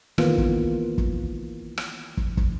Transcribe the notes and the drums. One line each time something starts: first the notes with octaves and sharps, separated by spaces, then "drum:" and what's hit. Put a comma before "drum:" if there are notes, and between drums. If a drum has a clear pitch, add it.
D#3 E3 A#3 B3 F4, drum: rim click
drum: kick
drum: kick
drum: rim click
drum: kick
drum: kick